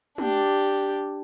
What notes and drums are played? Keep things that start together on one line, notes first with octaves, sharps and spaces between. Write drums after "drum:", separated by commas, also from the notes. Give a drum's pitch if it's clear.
D4 G4, drum: tom